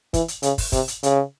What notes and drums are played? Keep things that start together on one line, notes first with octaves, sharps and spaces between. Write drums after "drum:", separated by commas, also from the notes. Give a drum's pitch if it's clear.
E3, drum: kick, hi-hat
drum: hi-hat
C#3, drum: hi-hat
drum: kick, open hi-hat
C3, drum: kick, hi-hat
drum: hi-hat
C#3, drum: hi-hat